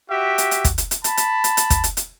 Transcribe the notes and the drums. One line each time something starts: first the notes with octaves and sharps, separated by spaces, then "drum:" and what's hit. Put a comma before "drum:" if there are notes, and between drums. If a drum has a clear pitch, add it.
F#4 G4 E5
drum: hi-hat
drum: hi-hat
drum: kick, hi-hat
drum: hi-hat
drum: hi-hat
A5 B5, drum: hi-hat
drum: hi-hat
drum: hi-hat
drum: hi-hat
drum: kick, hi-hat
drum: hi-hat
drum: hi-hat